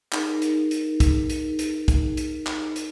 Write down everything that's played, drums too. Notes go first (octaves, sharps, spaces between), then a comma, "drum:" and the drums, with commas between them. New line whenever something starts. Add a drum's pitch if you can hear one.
D#4 G#4 A#4, drum: clap
drum: hi-hat
drum: hi-hat
drum: kick, hi-hat
drum: hi-hat
drum: hi-hat
drum: kick, hi-hat
drum: hi-hat
drum: clap
drum: hi-hat